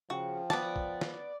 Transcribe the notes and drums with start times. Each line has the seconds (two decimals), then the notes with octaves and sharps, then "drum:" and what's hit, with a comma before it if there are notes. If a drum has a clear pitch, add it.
0.10 C#3 F3 F#4 G5
0.50 B3 D5 A5, drum: snare
0.76 drum: kick
1.01 drum: snare